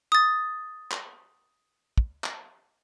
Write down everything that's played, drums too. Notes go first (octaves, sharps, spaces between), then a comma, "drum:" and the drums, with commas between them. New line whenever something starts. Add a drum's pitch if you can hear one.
D#6 A6
drum: clap
drum: kick
drum: clap